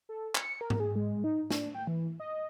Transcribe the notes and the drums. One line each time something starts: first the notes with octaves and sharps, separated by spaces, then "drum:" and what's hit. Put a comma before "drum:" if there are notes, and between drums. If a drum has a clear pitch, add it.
A4
C#7, drum: clap
A#4
drum: tom G#2
G#4
G#3
D#4
D4, drum: snare
G5
E3
D#5